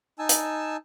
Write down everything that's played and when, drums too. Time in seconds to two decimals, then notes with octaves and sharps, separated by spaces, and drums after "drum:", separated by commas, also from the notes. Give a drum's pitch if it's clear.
0.19 D#4 G#5 A5 E6
0.29 drum: hi-hat